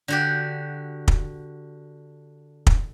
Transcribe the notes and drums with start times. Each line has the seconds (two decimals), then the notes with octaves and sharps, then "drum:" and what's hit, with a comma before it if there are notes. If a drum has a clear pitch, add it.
0.08 D3 F#4 G4
1.08 drum: kick
2.67 drum: kick